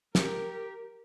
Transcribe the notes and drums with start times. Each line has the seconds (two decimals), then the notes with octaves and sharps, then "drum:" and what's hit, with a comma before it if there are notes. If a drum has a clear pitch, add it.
0.15 G4 A#4, drum: snare